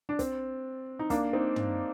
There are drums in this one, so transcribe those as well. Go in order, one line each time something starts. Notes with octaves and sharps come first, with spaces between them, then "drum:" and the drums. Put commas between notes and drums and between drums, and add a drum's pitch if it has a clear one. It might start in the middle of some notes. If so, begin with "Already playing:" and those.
D4
C4, drum: kick, hi-hat
D#4
A#3 D4, drum: kick, hi-hat
C4 D#4
drum: tom